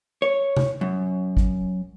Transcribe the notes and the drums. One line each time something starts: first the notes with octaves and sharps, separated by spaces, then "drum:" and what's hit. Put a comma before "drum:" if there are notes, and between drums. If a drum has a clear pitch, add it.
C#5
drum: tom C3
F#2
drum: kick G#1